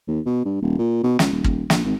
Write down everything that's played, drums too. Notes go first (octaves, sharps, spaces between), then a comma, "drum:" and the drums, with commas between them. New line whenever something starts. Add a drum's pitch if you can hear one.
D#2
B2
G2
D#1
A#2
B2
C#2, drum: snare
D#1
D#1, drum: kick
A#1, drum: snare
G#1